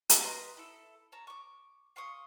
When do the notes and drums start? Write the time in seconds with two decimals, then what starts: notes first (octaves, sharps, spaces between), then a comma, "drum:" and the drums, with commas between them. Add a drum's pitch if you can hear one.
0.09 D#5 F5 F#5, drum: hi-hat
0.24 B4 D#5 A#5 C6
0.57 E4 A4
1.12 C#5 A5 A#5
1.27 C#6 D6
1.96 F5 C6 C#6 D#6